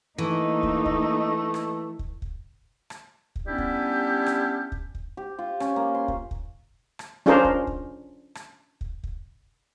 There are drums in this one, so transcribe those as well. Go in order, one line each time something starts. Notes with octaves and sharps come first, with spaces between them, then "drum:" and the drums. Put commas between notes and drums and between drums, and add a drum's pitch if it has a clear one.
E3 A3 A#3 D#4
drum: kick
drum: kick
drum: rim click
drum: kick
drum: kick
drum: rim click
drum: kick
G3 B3 C#4 D4 E4 G4
drum: kick
drum: rim click
drum: kick
drum: kick
G4
F4
C#4, drum: rim click
A#3
C6
drum: kick
drum: kick
drum: rim click
C#4 D4 F4 G#4 A#4 C5
drum: kick
drum: kick
drum: rim click
drum: kick
drum: kick